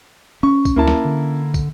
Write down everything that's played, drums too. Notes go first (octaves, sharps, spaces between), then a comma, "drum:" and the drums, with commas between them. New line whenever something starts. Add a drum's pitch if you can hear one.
C#4 C#6
drum: kick, tambourine
D2 A#3 E4 A5
drum: snare
D3
drum: kick, tambourine